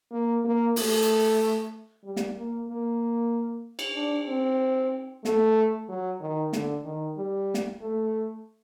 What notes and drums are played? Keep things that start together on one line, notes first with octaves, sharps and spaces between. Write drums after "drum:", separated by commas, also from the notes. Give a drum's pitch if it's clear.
A#3
A#3
A3, drum: open hi-hat
drum: hi-hat
G3
drum: snare
A#3
A#3
drum: cymbal
D4
C4
A3, drum: snare
F#3
D#3
D3, drum: snare
D#3
G3
drum: snare
A3